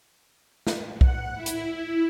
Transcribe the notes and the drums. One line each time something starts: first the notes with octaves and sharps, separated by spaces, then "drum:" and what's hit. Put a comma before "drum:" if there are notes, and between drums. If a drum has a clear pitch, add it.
drum: snare
F#5, drum: kick B1
E4
drum: hi-hat